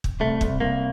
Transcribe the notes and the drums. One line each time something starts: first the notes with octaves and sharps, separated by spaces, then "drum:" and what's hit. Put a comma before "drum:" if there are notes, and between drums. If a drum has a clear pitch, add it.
drum: kick
C2 A3
C2, drum: kick
C2 A#3